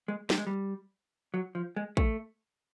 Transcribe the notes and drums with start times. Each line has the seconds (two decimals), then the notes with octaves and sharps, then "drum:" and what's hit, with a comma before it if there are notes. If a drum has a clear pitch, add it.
0.08 G#3
0.30 G3, drum: snare
0.38 G#3
0.47 G3
1.34 F#3
1.55 F3
1.76 G#3
1.97 A3, drum: kick